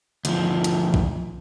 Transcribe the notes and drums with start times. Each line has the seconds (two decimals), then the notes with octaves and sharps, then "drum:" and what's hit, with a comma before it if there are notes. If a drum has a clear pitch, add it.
0.25 D2 F3, drum: hi-hat
0.64 drum: hi-hat
0.94 drum: kick